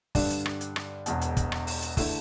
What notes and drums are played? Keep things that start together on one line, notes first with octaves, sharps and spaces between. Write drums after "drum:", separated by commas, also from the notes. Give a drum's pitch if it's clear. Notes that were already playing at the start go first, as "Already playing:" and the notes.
G2 D3 G3 D4, drum: kick, open hi-hat
drum: hi-hat
drum: rim click
drum: hi-hat
drum: rim click
E1 E2 B2, drum: hi-hat
drum: hi-hat
drum: kick, hi-hat
drum: rim click
drum: open hi-hat
drum: hi-hat
D3 A3 E4, drum: kick, open hi-hat